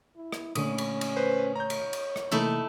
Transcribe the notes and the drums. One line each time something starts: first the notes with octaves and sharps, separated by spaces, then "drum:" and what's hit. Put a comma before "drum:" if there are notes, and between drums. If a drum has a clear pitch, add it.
E4
drum: rim click
A#2 D3 A3 C#4 D#6, drum: cymbal
drum: cymbal
drum: cymbal
B4 C5
C#5 A#5 G6
drum: cymbal
drum: cymbal
drum: rim click
C3 E3 A3 A#3 D#4 E4